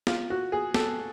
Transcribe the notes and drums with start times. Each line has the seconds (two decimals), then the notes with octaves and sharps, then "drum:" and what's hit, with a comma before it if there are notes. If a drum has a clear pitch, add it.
0.07 F4, drum: snare
0.30 F#4
0.52 G#4
0.74 A4, drum: snare